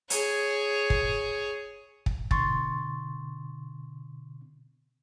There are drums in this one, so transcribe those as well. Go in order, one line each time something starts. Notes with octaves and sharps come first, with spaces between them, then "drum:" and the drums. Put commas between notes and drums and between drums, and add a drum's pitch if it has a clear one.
G#4 C#5, drum: hi-hat
drum: kick
drum: kick
B2 D3 C6 C#6 A6, drum: kick